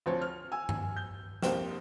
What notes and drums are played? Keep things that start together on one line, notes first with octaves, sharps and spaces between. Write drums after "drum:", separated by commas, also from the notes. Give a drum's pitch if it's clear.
D2 F3 C4 C#5
F6
G#5 E6
drum: tom G2
G6
C2 F2 A#3 C5 G5 E7, drum: snare